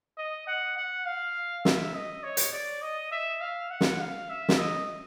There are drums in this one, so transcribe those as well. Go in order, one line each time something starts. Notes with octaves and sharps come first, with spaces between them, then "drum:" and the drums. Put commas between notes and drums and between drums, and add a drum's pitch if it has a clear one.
D#5
F#5
F#5
F5
E5, drum: snare
D#5
C#5
drum: hi-hat
D5
D#5
E5
F5
F#5
drum: snare
F5
E5
drum: snare
D#5